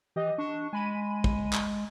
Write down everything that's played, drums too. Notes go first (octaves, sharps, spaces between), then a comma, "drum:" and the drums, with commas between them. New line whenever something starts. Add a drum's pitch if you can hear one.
E3 G4 D#5
D4 C#6
G#3 G#5 B5 D#7
drum: kick
drum: clap